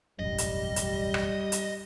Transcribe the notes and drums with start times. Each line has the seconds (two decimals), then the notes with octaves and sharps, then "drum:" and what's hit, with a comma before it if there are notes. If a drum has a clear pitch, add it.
0.19 E1 A1 F#2 G3 D#5
0.38 drum: hi-hat
0.76 drum: hi-hat
1.14 drum: rim click
1.52 drum: hi-hat